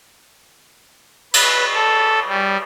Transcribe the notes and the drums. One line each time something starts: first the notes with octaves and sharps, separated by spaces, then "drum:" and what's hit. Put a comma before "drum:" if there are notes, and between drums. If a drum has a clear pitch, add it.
B4, drum: cymbal
A4
G3